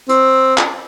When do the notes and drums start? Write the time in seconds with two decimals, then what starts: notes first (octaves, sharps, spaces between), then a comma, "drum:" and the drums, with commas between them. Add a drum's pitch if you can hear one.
0.09 C4, drum: hi-hat
0.58 drum: clap